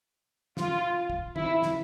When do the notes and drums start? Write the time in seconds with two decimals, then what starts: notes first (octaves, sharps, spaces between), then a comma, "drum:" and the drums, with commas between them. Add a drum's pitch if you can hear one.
0.57 F4, drum: snare
1.10 drum: kick
1.36 E4, drum: tom
1.62 drum: snare